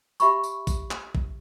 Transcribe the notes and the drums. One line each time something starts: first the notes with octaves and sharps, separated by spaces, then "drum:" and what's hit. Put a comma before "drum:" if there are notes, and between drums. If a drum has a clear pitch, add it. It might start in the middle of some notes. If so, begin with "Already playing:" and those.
G4 E5 B5 C#6, drum: tambourine
drum: tambourine
drum: kick A1, tambourine
drum: clap
drum: kick A1